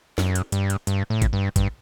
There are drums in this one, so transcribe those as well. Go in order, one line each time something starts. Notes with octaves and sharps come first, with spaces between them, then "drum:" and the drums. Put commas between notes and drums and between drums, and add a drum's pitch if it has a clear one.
F#2, drum: snare
drum: hi-hat
G2, drum: hi-hat
drum: hi-hat
G2, drum: hi-hat
A2
drum: kick, hi-hat
G2
G2, drum: kick, hi-hat